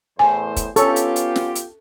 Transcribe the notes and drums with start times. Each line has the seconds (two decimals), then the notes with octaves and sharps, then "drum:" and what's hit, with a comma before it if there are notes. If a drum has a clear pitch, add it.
0.19 E2 A2 C5 G#5
0.56 drum: kick, hi-hat
0.76 B3 C#4 F4 G4 A4 C#6, drum: hi-hat
0.96 drum: hi-hat
1.16 drum: hi-hat
1.36 drum: snare
1.55 drum: hi-hat